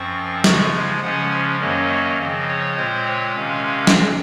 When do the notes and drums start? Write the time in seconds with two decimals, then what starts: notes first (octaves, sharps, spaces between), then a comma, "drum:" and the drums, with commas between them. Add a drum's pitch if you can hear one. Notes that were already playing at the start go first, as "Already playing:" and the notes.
Already playing: F#2 F3 C4 C#6
0.44 C#3 F3 G#3 C#6, drum: snare
1.02 C#3 F3 G#3 C#4 F#5
1.60 F#2 D#3 F#3 A#3 C#4 D#5
2.19 C#3 F3 C4
2.48 C#5
2.77 A#2 G#3 C4 C5
3.06 C#5
3.35 C3 D#3 G#3 C#4 F5
3.65 F5
3.87 drum: snare